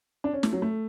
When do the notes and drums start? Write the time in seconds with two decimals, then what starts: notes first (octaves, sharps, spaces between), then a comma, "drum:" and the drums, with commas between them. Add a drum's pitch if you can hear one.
0.24 D4
0.33 C#4
0.43 A3, drum: snare
0.53 F#3
0.62 A3